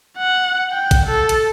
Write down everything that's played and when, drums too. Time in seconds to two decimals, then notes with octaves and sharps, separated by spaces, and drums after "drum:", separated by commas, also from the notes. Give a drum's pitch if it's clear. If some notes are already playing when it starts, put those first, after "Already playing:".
0.18 F#5
0.72 G5
0.91 drum: kick A1, hi-hat
1.06 A4
1.29 drum: hi-hat